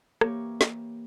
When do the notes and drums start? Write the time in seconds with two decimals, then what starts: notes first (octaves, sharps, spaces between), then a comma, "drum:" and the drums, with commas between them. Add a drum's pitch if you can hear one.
0.21 E3 A#3 G4 C#5, drum: rim click
0.61 drum: snare